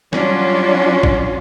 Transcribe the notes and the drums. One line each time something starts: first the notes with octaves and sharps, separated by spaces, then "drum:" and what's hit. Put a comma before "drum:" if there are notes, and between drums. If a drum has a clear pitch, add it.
F#3 G3 C#4 D4 F4 F#4, drum: snare
drum: kick A1